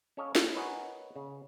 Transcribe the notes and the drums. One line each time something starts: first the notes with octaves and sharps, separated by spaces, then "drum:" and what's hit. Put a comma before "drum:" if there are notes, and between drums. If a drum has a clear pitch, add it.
C#4 A4 C#5 D#5 F5
C#5, drum: snare
A#4 B4 C#5 D#5 F#5 G#5
C#3